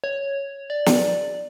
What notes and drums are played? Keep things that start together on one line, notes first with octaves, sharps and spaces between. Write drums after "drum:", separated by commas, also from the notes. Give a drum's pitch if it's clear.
C#5
D5
drum: snare